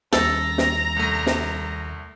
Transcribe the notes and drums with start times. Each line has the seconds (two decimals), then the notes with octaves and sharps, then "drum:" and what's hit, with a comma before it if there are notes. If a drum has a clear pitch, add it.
0.13 D#2 G3 C#4 A4 A#5, drum: snare
0.58 drum: snare
0.96 C2 A3
1.26 drum: snare